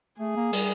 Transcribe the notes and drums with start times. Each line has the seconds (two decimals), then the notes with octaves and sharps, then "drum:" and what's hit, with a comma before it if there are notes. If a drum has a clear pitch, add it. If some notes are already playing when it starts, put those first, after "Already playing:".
0.19 A3 G#4
0.36 A#3
0.53 G3, drum: cymbal